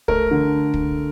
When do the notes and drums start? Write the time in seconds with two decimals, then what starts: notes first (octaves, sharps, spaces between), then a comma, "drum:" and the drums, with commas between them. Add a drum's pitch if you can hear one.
0.08 A3 A#4, drum: kick
0.31 D3
0.74 drum: kick